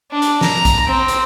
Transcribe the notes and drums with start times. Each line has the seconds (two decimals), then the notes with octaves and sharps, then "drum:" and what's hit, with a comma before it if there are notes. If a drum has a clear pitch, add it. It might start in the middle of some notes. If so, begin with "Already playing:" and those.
0.11 D4
0.22 drum: hi-hat
0.41 A#5, drum: snare
0.65 drum: kick A#1, hi-hat
0.87 C4
1.08 drum: hi-hat